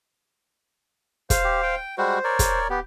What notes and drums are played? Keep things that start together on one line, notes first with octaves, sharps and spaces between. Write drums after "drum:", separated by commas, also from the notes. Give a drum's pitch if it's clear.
C5 F5, drum: kick, hi-hat
G4
G5
G3 G#3 F#4 C5
A#4 C#5 D5
drum: kick, hi-hat
B3 G4